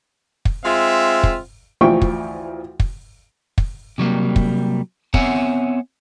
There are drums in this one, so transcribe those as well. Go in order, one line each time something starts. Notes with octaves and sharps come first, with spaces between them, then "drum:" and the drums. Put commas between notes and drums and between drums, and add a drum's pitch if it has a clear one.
drum: kick
G#3 C4 F4 E5
drum: kick
D2 E3 F3 G5 C#6
drum: kick
drum: kick
drum: kick
C3 F#3 G3 A#3
drum: kick
B3 C4 C#5 E5 F#5 G#5, drum: kick